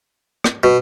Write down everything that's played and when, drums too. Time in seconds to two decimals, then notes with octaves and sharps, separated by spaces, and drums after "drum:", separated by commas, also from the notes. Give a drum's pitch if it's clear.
0.44 drum: rim click
0.64 B2